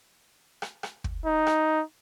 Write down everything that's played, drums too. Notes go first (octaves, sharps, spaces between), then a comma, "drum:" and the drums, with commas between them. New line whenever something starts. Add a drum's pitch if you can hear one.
drum: rim click
drum: rim click
drum: kick
D#4
drum: rim click